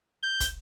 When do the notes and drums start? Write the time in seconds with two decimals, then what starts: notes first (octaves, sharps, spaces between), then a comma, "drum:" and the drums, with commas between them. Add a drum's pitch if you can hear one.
0.23 G6
0.40 drum: kick, hi-hat